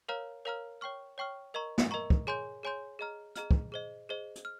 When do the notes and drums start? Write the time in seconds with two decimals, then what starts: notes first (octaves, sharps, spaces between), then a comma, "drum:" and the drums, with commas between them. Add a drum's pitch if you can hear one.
0.09 A#4 C#5 F5 A#5 F6
0.45 A#4 C#5 F5 A#5 F6
0.81 C#5 G5 C#6 F6
1.18 C#5 G5 C#6 F6
1.54 A#4 D#5 A#5 C#6
1.78 drum: snare
1.91 A#4 D#5 A#5 C#6
2.10 drum: kick
2.27 G#4 C#5 G#5 C6 G6
2.63 G#4 C#5 G#5 C6 G6
2.99 G#4 D#5 A#5 F6
3.36 G#4 D#5 A#5 F6, drum: hi-hat
3.51 drum: kick
3.72 G#4 C5 D#5
4.09 G#4 C5 D#5
4.36 drum: hi-hat
4.45 F6